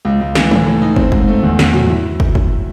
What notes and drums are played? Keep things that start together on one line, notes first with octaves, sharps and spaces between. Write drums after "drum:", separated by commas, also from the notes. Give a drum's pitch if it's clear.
C#2
C#2
E3, drum: snare
A2, drum: tom
A2
D#4
C4, drum: kick
G#2, drum: kick
A3
E2
E2, drum: snare
F#3, drum: tom
E4
drum: kick
drum: kick